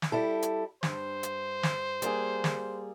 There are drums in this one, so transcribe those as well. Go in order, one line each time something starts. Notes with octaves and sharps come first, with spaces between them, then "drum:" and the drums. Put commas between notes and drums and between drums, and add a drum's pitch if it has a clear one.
drum: snare
G3 E4 A4
drum: hi-hat
G2 C5, drum: snare
drum: hi-hat
drum: snare
G3 A#3 G#4, drum: hi-hat
drum: snare